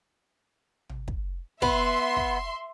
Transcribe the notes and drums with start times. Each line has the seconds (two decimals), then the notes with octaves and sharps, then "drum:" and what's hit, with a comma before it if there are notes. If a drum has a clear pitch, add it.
0.90 drum: tom
1.08 drum: kick
1.62 B3 E5 C6, drum: kick
2.16 drum: kick